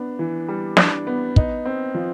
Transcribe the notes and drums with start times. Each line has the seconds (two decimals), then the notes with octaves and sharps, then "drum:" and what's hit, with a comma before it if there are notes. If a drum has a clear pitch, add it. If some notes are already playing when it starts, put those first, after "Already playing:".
Already playing: B3 D4
0.19 E3
0.48 G3
0.77 D4, drum: snare
1.07 B3
1.36 D#4, drum: kick
1.66 C4
1.95 F3